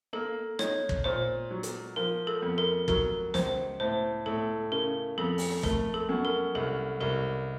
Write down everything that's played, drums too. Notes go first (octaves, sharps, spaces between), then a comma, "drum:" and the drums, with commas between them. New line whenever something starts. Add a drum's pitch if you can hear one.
A#3 A4
D#4 C#5, drum: rim click
drum: kick
A#2 C5
F#3
drum: hi-hat
F3 A#4
A4
F2
A#4
F#3 A#4, drum: kick
C#2 C5, drum: snare
A2 C5
A2 A4
C#3 A#4
F2 A4
drum: open hi-hat
A3 A#4, drum: kick
A4
F#2
A#4
C2 A4
C2 A#4